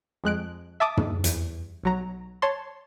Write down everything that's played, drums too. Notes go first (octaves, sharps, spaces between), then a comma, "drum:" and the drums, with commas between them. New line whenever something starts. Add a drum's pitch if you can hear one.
F2 G#3 F#6 D7
E5 A5 D6 D#6
drum: tom
E2, drum: hi-hat
B1 F#3 A#5
C#5 A5 C6